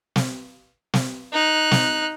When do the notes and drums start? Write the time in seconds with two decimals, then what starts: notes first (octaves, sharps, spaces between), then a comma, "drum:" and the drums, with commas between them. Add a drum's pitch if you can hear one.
0.16 drum: snare
0.94 drum: snare
1.32 D#4 F#6
1.71 drum: snare